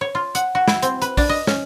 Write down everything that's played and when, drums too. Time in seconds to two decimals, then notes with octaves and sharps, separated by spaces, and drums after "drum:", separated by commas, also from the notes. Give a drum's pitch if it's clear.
0.01 C#5
0.15 F4
0.35 F#5, drum: hi-hat
0.55 F#4
0.68 E4, drum: snare
0.82 C4, drum: hi-hat
1.02 B4, drum: hi-hat
1.17 D4, drum: kick A#1, open hi-hat
1.29 D#5
1.47 C#4, drum: snare